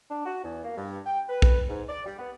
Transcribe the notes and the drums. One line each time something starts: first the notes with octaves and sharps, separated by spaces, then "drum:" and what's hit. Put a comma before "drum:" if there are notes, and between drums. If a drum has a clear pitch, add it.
D4
F#4
E2
A#3
G2
G5
B4
drum: kick B1
G#2
D5
G3
B3